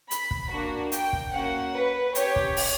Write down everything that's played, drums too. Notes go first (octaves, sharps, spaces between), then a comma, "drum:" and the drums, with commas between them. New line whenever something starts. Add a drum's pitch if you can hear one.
B5, drum: hi-hat
drum: kick
A#3 D4 F#4
G5, drum: hi-hat
drum: kick
A#3 C#4 F#4 F#5
B4
C#4 G4 C#5, drum: hi-hat
drum: kick
drum: open hi-hat